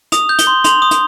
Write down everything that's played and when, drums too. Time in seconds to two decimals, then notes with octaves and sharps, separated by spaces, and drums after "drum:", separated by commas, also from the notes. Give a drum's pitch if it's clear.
0.12 D#6 F7, drum: hi-hat
0.29 G6
0.39 G7, drum: hi-hat
0.47 C6
0.64 C6 F7, drum: hi-hat
0.82 D#6
0.91 drum: hi-hat